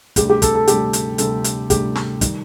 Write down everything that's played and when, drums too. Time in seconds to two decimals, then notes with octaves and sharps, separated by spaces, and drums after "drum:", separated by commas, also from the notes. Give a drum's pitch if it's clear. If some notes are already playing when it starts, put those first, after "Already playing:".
0.16 D2 C3 G3 G4, drum: kick, hi-hat
0.30 G4
0.42 A4, drum: kick, hi-hat
0.55 A4
0.68 D2 C3 G3 G4, drum: hi-hat
0.93 drum: hi-hat
1.18 D2 C3 G3 A4, drum: hi-hat
1.44 drum: hi-hat
1.70 D2 C3 G3 G4, drum: kick, hi-hat
1.95 drum: snare
2.21 D#3 G3, drum: kick, hi-hat